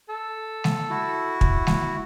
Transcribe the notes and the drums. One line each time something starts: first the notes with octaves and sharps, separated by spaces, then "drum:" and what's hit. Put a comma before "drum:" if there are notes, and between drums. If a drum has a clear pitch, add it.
A4
drum: snare G#3
E4 F#4
drum: kick
drum: snare G#3